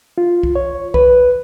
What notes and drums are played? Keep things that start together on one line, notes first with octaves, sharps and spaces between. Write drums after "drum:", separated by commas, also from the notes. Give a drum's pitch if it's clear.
F4
drum: kick C2
C#5
B4, drum: kick C2